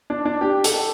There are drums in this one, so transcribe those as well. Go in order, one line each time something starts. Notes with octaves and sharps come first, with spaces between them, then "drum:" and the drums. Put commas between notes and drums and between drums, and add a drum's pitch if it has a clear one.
D4
D4
G4
A4, drum: hi-hat